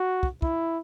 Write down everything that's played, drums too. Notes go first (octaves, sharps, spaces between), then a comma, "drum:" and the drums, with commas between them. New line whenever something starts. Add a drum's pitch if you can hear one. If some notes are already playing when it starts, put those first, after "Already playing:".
Already playing: F#4
drum: kick
E4, drum: kick